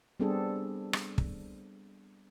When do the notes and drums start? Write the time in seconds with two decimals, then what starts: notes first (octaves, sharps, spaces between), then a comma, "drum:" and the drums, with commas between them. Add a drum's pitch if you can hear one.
0.20 G3 B3 C4 D4 G#4 A4
0.93 drum: rim click
1.18 drum: kick